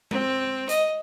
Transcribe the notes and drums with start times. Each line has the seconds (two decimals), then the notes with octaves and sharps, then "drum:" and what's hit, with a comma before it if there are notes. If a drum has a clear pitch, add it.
0.11 C4, drum: tom G#3
0.69 D#5, drum: hi-hat